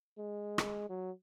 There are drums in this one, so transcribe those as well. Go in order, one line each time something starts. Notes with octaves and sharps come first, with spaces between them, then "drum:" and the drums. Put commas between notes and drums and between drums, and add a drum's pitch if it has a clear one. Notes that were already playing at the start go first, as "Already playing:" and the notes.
G#3
drum: rim click
F#3